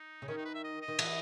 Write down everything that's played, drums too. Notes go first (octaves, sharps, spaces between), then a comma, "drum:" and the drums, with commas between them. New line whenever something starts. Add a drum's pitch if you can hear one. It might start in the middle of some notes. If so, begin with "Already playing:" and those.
Already playing: D#4
C#3
D#3 C#4
D#4
B4
E5
D#5
D#5
D#3
E3, drum: cymbal